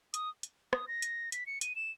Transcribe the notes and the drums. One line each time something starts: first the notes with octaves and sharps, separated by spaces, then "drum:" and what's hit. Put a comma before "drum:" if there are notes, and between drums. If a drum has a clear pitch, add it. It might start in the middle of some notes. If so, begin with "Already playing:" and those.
D#6, drum: hi-hat
drum: hi-hat
D#6, drum: rim click
A#6
drum: hi-hat
B6, drum: hi-hat
C#7
D#7, drum: hi-hat
E7